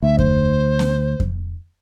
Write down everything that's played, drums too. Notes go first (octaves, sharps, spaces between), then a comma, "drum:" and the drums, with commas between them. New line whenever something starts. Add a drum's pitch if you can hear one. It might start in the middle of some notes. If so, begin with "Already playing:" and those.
D2 E5
C5, drum: kick F2
drum: snare B3
drum: kick F2